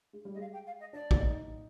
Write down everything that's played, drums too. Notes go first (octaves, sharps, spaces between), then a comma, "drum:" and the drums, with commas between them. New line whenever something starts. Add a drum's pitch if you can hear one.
G#3
G3
D#5
G#3 F5
G5
F5
D#5
D4 D5
drum: kick
D#4